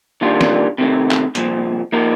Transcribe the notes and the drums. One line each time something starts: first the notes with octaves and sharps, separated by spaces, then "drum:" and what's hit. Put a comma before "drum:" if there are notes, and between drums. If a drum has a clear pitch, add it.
D#3 G3 A#3 D4 F4
drum: snare
C3 D#3 A3
drum: clap
C2 A#2 F3, drum: hi-hat
F3 A#3 D#4 A#4